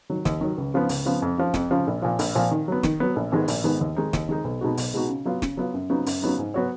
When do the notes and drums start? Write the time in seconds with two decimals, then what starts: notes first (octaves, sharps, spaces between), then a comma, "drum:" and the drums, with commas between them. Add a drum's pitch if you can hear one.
0.10 D#3 F#3
0.25 D#2, drum: snare
0.41 D#3 F#3
0.58 C#2
0.74 C#3 F3 B3
0.89 C#2, drum: open hi-hat
1.06 C#3 F3 B3
1.22 F2
1.38 C#3 F3
1.54 F2, drum: snare
1.71 C#3 F3
1.87 A#1
2.02 A#2 F3
2.19 A#1, drum: open hi-hat
2.35 A#2 F3
2.51 D#3
2.68 F#3 B3
2.83 D#3, drum: snare
3.00 F#3 B3
3.16 A#1
3.32 G#2 D#3 G#3 B3
3.48 A#1, drum: open hi-hat
3.64 G#2 D#3 G#3 B3
3.81 D#2
3.97 D#3 G#3 D#4
4.13 D#2, drum: snare
4.29 D#3 G#3 D#4
4.44 B1
4.61 B2 G#3 D#4 F#4
4.77 B1, drum: open hi-hat
4.94 B2 G#3 D#4 F#4
5.09 C#3
5.26 F#3 B3 F4
5.42 C#3, drum: snare
5.57 F#3 B3 F4
5.74 F#2
5.90 C#3 F#3 B3 D#4
6.06 F#2, drum: open hi-hat
6.22 C#3 F#3 B3 D#4
6.39 G#2
6.54 F#3 B3 F#4 C#5